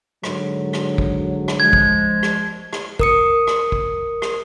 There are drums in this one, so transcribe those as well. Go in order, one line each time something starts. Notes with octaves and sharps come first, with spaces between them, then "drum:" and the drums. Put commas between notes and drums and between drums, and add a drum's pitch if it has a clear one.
G#2 D3 F#3, drum: rim click
drum: rim click
drum: kick
drum: rim click
F3 G#3 G#6
drum: kick
drum: rim click
drum: rim click
A#4 D#6 C#7, drum: kick
drum: rim click
drum: kick
drum: rim click